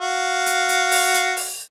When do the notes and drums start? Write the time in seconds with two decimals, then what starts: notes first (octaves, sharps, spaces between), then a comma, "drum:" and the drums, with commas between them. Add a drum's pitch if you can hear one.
0.01 F#4 F5
0.46 drum: hi-hat
0.69 drum: hi-hat
0.91 drum: open hi-hat
1.14 drum: hi-hat
1.37 drum: open hi-hat